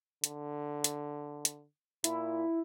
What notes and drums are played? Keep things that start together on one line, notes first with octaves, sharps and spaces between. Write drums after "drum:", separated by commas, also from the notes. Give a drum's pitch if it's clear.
D3, drum: hi-hat
drum: hi-hat
drum: hi-hat
A#2 E4, drum: hi-hat